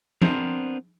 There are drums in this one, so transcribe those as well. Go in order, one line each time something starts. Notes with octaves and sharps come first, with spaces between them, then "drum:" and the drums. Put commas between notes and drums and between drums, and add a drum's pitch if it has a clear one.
B3 C4 D4 A#4 C5, drum: tom F3